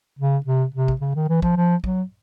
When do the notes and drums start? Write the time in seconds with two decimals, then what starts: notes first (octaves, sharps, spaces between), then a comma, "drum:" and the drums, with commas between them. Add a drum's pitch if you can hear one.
0.19 C#3
0.46 C3
0.74 C3
0.88 drum: kick
1.01 C#3
1.15 D#3
1.29 E3
1.42 F3, drum: kick
1.57 F3
1.84 F#3, drum: kick